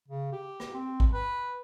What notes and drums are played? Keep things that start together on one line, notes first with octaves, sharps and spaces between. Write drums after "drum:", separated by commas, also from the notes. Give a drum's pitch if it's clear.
C#3
G4
drum: rim click
C4
drum: kick
B4